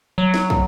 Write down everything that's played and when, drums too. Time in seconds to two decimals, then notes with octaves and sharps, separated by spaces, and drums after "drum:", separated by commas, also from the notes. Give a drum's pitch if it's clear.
0.18 F#3
0.34 drum: snare
0.50 drum: kick